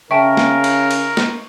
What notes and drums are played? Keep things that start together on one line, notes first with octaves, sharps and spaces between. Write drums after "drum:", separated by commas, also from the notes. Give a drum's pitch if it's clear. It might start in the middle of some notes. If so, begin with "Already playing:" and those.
C#3 A#4 E5 G5 A5 C#6
drum: snare
drum: cymbal
drum: cymbal
drum: snare